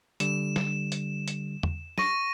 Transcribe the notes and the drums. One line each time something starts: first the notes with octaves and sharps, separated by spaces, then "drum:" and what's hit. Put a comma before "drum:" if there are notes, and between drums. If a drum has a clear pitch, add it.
D3 G3 E7, drum: hi-hat
drum: snare
drum: hi-hat
drum: hi-hat
drum: tom E2
C#6 A#6 D#7, drum: snare